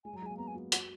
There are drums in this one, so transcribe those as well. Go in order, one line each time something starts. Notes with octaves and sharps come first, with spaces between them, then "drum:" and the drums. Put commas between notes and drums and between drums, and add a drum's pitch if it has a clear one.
G#3 G#5
F#3
A#5
G#3
A#3 G#5
B3 A#5
G#5
F#4
F#4 F#5, drum: hi-hat